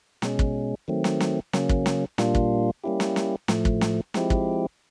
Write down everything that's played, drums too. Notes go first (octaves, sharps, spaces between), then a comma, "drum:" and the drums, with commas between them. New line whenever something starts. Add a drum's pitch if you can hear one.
B2 G#3 C#4, drum: snare
drum: kick
D#3 F#3 A3 C4
drum: snare
drum: snare
C#3 F#3 A#3 C#4, drum: snare
drum: kick
drum: snare
A#2 G3 A#3 D4 F4, drum: snare
drum: kick
G3 A#3 C#4 E4 G4
drum: snare
drum: snare
A2 F3 A3, drum: snare
drum: kick
drum: snare
F3 G#3 C4 E4 G4, drum: snare
drum: kick